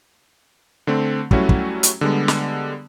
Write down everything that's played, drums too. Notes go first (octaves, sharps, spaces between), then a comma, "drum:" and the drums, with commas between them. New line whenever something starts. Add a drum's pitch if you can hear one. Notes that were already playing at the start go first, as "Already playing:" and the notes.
D3 A3 C4
F#3 G3 A3 C#4 E4 F#4, drum: kick
drum: kick
drum: hi-hat
D3 G3 G#3 B3
drum: snare